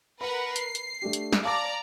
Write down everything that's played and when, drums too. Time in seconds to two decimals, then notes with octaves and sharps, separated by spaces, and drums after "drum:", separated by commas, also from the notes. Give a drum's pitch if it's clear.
0.21 A#4 B4 F#5 B5
0.56 C7, drum: hi-hat
0.75 drum: hi-hat
1.02 A3 D4 G4
1.13 drum: hi-hat
1.32 drum: snare
1.43 D5 F5 A5 A#5 D6